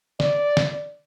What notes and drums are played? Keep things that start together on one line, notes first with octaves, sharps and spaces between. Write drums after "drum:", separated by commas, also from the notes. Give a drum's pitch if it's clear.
D5, drum: snare
drum: snare